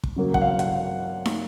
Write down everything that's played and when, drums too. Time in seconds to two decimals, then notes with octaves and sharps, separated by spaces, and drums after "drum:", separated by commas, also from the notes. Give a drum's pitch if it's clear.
0.04 drum: kick
0.16 C#3 F#3 A#3
0.34 F#5, drum: kick
0.42 F5
0.59 F#5, drum: hi-hat
1.26 drum: snare